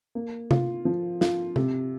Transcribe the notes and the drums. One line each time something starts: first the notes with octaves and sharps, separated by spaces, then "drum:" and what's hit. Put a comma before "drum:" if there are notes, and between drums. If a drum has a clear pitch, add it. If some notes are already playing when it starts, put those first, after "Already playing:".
A#3
F4, drum: tom C3
F3
F4, drum: snare
C3, drum: tom C3